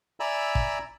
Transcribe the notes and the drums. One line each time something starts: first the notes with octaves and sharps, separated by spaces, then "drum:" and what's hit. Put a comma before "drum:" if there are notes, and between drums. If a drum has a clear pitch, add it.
D5 E5 G#5 A#5 B5 E6
drum: kick